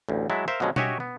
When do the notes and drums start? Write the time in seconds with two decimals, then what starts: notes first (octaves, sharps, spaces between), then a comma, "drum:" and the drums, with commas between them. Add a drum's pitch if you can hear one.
0.09 A1 D2
0.30 F#3 G#3 E4 E5 A5
0.48 A#4 C5 E5 F5
0.60 B2 D3 F3 F#3 G#3 C#4
0.76 F#4 G4 C#5 D#5 E5 G#5, drum: tom B2
1.00 B3